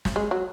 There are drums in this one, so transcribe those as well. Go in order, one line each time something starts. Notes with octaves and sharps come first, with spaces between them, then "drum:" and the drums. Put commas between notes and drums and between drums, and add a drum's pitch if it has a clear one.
drum: snare
G#3
F#3